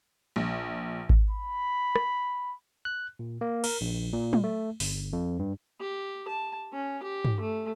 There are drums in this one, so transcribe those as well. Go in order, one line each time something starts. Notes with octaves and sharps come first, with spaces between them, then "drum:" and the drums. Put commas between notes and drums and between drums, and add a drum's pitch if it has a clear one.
A#1
drum: kick G#1
B5
drum: rim click
F#6
A#2
A#3
A#4, drum: cymbal
A#1
A#2
drum: tom
A3
G1, drum: open hi-hat
F2
G2
G4
A5
C#4
G4
drum: tom
A3